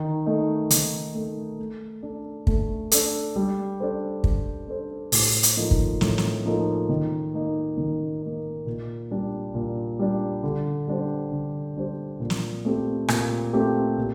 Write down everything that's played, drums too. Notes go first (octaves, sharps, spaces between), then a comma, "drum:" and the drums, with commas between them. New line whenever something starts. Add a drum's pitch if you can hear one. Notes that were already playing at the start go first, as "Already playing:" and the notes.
Already playing: D#3
A3 D#4
D#3, drum: hi-hat
A3 D#4
A3
D4 A4
A3, drum: kick
D4 A4, drum: hi-hat
G3
D4 A4 C5
G3, drum: kick
D4 A4 C5
A2, drum: open hi-hat
drum: hi-hat
F3 A#3 D#4 A4
drum: kick
A2, drum: snare
drum: snare
F3 A#3 D#4 A4
D#3
A#3 D#4
D#3
A#3 D#4
A#2
G3 D4
A#2
G3 D4
D3
G3 D4 G4 C5
D3
G3 D4 G4 C5
A#2
drum: snare
A3 C4 G4
A#2, drum: rim click
A3 C4 G4
A#2